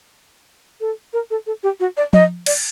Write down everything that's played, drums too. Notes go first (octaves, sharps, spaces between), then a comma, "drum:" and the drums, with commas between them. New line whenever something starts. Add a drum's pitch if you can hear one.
A4
A#4
A4
A4
G4
F#4
D5
D#5, drum: tom F3
D5, drum: cymbal